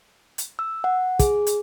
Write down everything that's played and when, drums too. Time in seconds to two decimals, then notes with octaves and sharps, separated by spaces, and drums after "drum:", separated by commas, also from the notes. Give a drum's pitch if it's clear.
0.38 drum: hi-hat
0.59 E6
0.84 F#5
1.19 G#4, drum: kick, hi-hat
1.47 drum: hi-hat